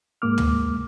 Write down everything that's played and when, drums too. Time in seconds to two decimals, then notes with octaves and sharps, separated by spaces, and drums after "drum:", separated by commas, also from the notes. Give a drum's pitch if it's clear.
0.22 G#2 G#3 A#3 D6 F6
0.38 drum: tom